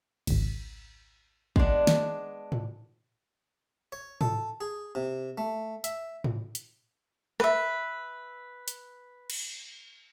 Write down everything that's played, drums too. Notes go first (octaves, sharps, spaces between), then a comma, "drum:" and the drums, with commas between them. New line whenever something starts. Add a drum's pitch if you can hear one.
G#1 C#2, drum: cymbal
G#3 B3 D4, drum: kick
drum: snare
drum: tom G#2
C#5
A4, drum: tom G#2
G#4
C3
A3
E5, drum: hi-hat
drum: tom G#2
drum: hi-hat
B4 E5, drum: rim click
drum: hi-hat
drum: cymbal